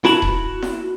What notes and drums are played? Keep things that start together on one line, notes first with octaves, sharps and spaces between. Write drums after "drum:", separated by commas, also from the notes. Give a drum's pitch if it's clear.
E4 F#4 A5 B5, drum: snare E4
drum: kick D#1
drum: snare E4